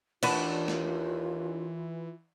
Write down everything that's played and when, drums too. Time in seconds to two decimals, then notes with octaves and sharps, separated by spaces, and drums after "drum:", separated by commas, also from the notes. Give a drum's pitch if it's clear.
0.23 D#2 E3 D4 F4 F#4 B4, drum: cymbal
0.68 drum: snare